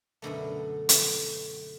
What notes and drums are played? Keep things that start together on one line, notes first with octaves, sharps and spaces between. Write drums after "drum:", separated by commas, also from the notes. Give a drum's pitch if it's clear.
F#2 B2 D3 A3
drum: hi-hat